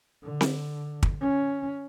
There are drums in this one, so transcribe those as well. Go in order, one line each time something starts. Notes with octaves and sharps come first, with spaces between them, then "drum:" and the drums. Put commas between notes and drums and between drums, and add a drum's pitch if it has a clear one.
D3
drum: snare C4
drum: kick
C#4